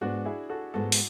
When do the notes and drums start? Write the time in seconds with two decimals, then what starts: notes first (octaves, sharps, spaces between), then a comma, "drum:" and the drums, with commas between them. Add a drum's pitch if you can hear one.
0.01 G#2 G#3 B3 D4 F#4
0.25 E4 G#4
0.50 F#4 A4
0.74 G#2 G#3 B3 F#4 A4
0.92 drum: open hi-hat